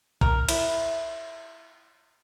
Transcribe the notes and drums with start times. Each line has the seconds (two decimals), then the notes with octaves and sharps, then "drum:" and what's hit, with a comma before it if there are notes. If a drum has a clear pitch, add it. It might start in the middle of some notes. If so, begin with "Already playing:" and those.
0.21 A#4, drum: kick
0.49 E4, drum: cymbal